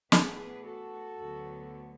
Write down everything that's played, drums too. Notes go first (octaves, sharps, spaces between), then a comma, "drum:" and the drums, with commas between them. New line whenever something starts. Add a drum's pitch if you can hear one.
A2 E3 B3 D4 G#4 B4, drum: snare
F#4 A4
D2 D3 F#3 B3